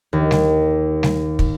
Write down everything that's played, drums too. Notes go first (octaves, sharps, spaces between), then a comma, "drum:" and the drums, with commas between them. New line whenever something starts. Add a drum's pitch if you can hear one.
D#2
drum: snare
drum: snare
drum: kick